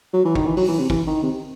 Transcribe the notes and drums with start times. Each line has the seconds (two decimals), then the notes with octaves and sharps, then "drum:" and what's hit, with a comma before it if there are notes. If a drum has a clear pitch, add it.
0.13 F#3
0.25 E3
0.35 D#3, drum: kick
0.46 E3
0.57 F#3, drum: open hi-hat
0.68 E3
0.79 C3
0.90 E3, drum: kick
1.07 D#3
1.23 C3